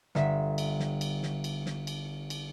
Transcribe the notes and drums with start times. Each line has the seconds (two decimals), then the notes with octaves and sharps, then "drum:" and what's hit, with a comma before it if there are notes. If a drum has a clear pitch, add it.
0.15 G1 E5 B6, drum: snare
0.58 drum: cymbal
0.80 drum: snare
1.01 drum: cymbal
1.23 drum: snare
1.44 drum: cymbal
1.66 drum: snare
1.87 drum: cymbal
2.30 drum: cymbal